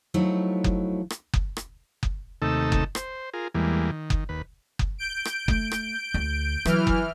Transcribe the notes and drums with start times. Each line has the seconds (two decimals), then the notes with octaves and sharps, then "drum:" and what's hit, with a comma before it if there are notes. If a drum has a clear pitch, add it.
0.14 F3 F#3 A3 D#4 E4
0.64 drum: kick F#1
1.10 drum: rim click
1.33 drum: kick F#1
1.57 drum: rim click
2.03 drum: kick F#1
2.42 D#2 C3 A3 D#4 A4 E6
2.72 drum: kick F#1
2.95 C5, drum: rim click
3.34 F4 G#4 A#4
3.54 E2 E3 G3 G#3 A#3
3.91 D#3
4.10 drum: kick F#1
4.29 D#2 B4
4.79 drum: kick F#1
4.98 G6 D7
5.25 drum: rim click
5.48 A3, drum: kick F#1
5.71 drum: rim click
6.14 D2
6.65 E3 F#3 F6, drum: rim click
6.87 drum: kick F#1